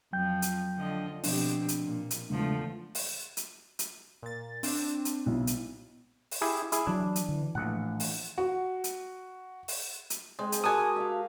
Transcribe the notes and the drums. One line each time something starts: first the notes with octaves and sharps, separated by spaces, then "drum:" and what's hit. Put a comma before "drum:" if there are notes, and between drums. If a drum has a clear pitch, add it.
F2 F3 F#3 G5 G6
drum: hi-hat
D3 F3 D#5
B2 F3 C4 D4 G4, drum: open hi-hat
drum: hi-hat
A#2
drum: hi-hat
E2 C#3 F3 G#3 A3 D4
drum: open hi-hat
drum: hi-hat
drum: hi-hat
A#2 A6
C4 D4, drum: open hi-hat
drum: hi-hat
B1 E4
drum: hi-hat
drum: open hi-hat
E4 G4 G#4
E4 G#4, drum: hi-hat
E3 F#3 D4
drum: hi-hat
D3 E3
A#1 A2 E3 F#5
drum: open hi-hat
F#4
drum: hi-hat
drum: open hi-hat
drum: hi-hat
G#3 C4
drum: hi-hat
F#4 G4 A#4 D#5 G#5 A5 D#6
E5 F5